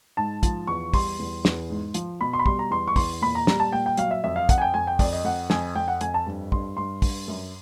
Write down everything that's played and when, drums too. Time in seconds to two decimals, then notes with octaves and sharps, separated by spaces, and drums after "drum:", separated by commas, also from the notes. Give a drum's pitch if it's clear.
0.17 G#2 A5
0.43 F3, drum: kick, hi-hat
0.67 E2 C#6
0.93 G3 C6, drum: kick, open hi-hat
1.19 E2
1.45 E2, drum: snare
1.70 G#2
1.94 F3, drum: hi-hat
2.21 B2 B5
2.33 C6
2.39 B5
2.46 G3 C6, drum: kick
2.59 A#5
2.71 E2 C6
2.88 C#6
2.96 E2 C6, drum: kick, open hi-hat
3.22 A#2 B5
3.35 A#5
3.47 G3 A#5, drum: snare
3.60 A5
3.72 A#2 G5
3.86 G5
3.97 F#3 F5, drum: hi-hat
4.11 E5
4.24 F2 E5
4.36 F5
4.49 F2 F#5, drum: kick, hi-hat
4.58 G#5
4.62 G5
4.74 F2 G#5
4.87 G5
4.99 F2 D5, drum: kick, open hi-hat
5.13 D#5
5.24 F2 F#5
5.50 F2 G#5, drum: snare
5.75 F2 G5
5.88 F#5
6.01 F2 G#5, drum: hi-hat
6.14 A5
6.26 G2
6.52 G2 C6, drum: kick
6.77 G2 C6
7.02 G2, drum: kick, open hi-hat
7.28 F#2